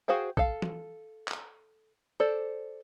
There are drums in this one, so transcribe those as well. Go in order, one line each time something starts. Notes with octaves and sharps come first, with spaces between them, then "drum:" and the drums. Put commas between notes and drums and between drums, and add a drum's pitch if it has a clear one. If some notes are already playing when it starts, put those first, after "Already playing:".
F#4 G#4 C5 F5 G5
A4 F5, drum: kick
drum: tom
drum: clap
A4 C5 D5